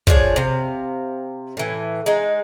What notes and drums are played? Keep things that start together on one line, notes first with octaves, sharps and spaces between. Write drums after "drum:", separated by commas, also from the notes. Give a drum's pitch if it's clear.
F3 D4 G#4 C#5, drum: kick
C3 F5
A2 E3
G#3 D#4